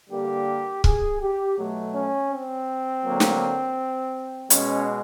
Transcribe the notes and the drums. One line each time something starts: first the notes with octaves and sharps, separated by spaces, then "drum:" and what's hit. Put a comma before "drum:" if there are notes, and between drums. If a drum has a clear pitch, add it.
D3 G3 A#3 G4
G#4, drum: kick
G4
B2 F#3 A3
C#4
C4
D3 F#3 A#3
drum: snare
B2 G#3 C#4, drum: hi-hat